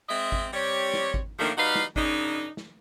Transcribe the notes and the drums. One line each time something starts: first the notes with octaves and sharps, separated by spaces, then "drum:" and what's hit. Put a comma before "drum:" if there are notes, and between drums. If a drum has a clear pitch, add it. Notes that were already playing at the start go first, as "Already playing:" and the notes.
G#3 C4 D#5 E5
drum: kick G#1
G3 C4 G4 C#5
drum: snare
drum: kick G#1
D3 D#3 F3 A3 A#3 D4
G3 D#4 F#4 B4 F5
drum: snare
F#2 C#3 D4 D#4, drum: kick G#1
drum: snare